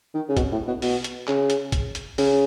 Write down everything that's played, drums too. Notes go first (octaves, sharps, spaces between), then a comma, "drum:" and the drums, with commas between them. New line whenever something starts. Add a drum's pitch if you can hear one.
D#3
C#3
B2, drum: kick A#1, hi-hat
A2
B2
B2, drum: open hi-hat
drum: hi-hat
C#3, drum: clap
drum: hi-hat
drum: kick A#1, hi-hat
drum: hi-hat
C#3, drum: open hi-hat